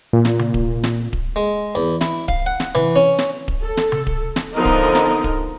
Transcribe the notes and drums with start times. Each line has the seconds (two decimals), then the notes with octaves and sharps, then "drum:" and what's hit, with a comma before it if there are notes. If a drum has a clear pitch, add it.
0.13 A#2
0.25 drum: snare
0.39 drum: tom C3
0.54 drum: kick D1
0.83 drum: snare
1.13 drum: kick D1
1.36 G#3
1.75 E2
2.01 E4, drum: snare
2.28 F5, drum: kick D1
2.46 F#5
2.60 drum: snare
2.75 E3, drum: tom C3
2.96 C#4
3.18 drum: snare
3.48 drum: kick D1
3.62 A4
3.77 drum: snare
3.92 drum: tom C3
4.07 drum: kick D1
4.36 drum: snare
4.55 D3 F3 B3 D#4 A#4 D#5
4.65 drum: kick D1
4.95 drum: snare
5.24 drum: kick D1